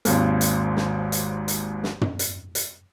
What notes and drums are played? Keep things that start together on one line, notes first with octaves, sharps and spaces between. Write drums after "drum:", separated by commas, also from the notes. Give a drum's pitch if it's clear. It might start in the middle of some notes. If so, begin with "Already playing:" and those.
G#1 D#2 G#2, drum: hi-hat
drum: hi-hat
drum: snare
drum: hi-hat
drum: hi-hat
drum: snare
drum: tom
drum: hi-hat
drum: hi-hat